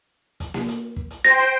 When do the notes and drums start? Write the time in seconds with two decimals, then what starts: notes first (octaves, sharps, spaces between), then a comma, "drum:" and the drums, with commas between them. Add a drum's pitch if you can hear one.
0.40 drum: kick, hi-hat
0.54 drum: snare A#3
0.68 drum: hi-hat
0.96 drum: kick
1.10 drum: hi-hat
1.25 C5 G5 A#6, drum: hi-hat
1.39 drum: hi-hat